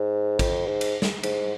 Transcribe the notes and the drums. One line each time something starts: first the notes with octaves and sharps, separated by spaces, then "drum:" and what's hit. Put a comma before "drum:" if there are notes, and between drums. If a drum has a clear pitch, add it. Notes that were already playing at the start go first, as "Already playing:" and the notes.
Already playing: G#2
F2, drum: kick, cymbal
G#2
drum: cymbal
drum: snare
G#2, drum: cymbal